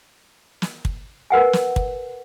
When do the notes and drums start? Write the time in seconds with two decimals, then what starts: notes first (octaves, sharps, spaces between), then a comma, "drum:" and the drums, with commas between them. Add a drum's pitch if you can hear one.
0.62 drum: snare
0.85 drum: kick
1.30 A#4 B4 F#5 G#5
1.53 drum: snare
1.76 drum: kick